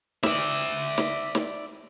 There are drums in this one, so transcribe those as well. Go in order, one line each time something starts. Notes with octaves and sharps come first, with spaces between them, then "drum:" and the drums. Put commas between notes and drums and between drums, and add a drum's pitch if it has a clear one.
D5 E5, drum: snare
drum: snare
drum: snare